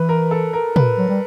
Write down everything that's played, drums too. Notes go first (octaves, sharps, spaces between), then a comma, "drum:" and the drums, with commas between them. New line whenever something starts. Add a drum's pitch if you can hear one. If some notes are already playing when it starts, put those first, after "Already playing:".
Already playing: E3 B4
A#4
A4
A#4
B4, drum: tom
F#3
G3